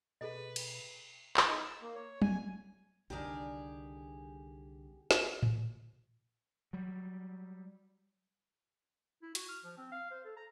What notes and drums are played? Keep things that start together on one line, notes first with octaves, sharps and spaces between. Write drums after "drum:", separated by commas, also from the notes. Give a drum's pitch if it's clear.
B2 G#4 A4 B4 D#5
drum: cymbal
drum: clap
D#4
E6
A#3
C#5
G#5, drum: tom
C2 D3 D#3 D4 G4 G#4 A#4
drum: snare
drum: tom A2
F#3 G3
E4
F#4, drum: hi-hat
F6
F3
C4
F5
C5
A4
A#5